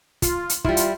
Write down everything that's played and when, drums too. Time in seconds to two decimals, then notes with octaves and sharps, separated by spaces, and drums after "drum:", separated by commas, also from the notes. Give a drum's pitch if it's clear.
0.22 F4, drum: kick, hi-hat
0.49 drum: hi-hat
0.65 G3 E4 F4, drum: kick
0.77 drum: hi-hat